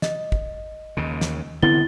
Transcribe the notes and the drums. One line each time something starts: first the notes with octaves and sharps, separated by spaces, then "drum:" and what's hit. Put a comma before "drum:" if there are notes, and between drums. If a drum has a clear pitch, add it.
D#5, drum: snare
drum: kick
D#2 C#3
drum: snare
D3 B3 C4 E4 A6 G7